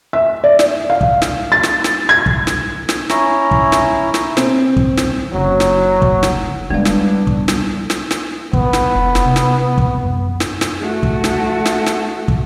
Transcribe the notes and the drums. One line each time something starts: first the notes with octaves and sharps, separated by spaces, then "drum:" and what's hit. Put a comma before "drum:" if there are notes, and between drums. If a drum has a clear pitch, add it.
E5
D5
drum: snare
F5
drum: kick
drum: snare
A6
drum: snare
drum: snare
G#6
drum: kick
drum: snare
drum: snare
C#4 E4 A#5, drum: snare
drum: kick
drum: snare
drum: snare
C4, drum: snare
drum: kick
drum: snare
F#1 C#3 F#3
drum: snare
drum: kick
drum: snare
G3 G#3 B3 D4 F5
drum: snare
drum: kick
drum: snare
drum: snare
drum: snare
A1 B3, drum: kick
drum: snare
F1
drum: snare
C3
drum: snare
drum: kick
F#2
drum: snare
drum: snare
A3 F#4
drum: kick
drum: snare
drum: snare
drum: snare
drum: kick